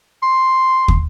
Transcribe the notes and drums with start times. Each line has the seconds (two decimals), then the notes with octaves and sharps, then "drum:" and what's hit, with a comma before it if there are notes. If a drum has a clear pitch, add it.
0.22 C6
0.88 drum: kick